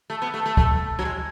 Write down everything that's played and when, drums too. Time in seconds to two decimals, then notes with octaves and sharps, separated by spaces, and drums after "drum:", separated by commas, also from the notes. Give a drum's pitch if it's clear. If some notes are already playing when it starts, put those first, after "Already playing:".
0.10 A3
0.22 B3
0.34 A3
0.46 A3
0.57 A3, drum: kick
0.99 F#3
1.05 G#3